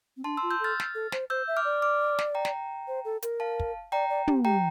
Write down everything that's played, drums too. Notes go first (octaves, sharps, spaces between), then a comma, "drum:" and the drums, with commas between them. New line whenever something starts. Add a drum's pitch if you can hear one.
C4
D4 A5 C6
C6 E6
F4
E6 G6
A4 F6 A6
drum: snare
A4
C5, drum: snare
C5 E6 G6
E5
D6 F6
D5
D6 F6
drum: snare
G5 A#5
drum: snare
C5
A4
A#4, drum: hi-hat
F5 A5
drum: kick
D5 G5 A#5
D5
G4, drum: tom
G4 G5 A#5